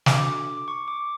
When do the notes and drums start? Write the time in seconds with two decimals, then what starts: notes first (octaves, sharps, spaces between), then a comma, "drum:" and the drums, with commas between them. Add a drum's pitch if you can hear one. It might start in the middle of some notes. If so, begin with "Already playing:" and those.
0.06 D4 F#4 A4 D6, drum: snare
0.57 D6
0.68 C#6
0.88 D6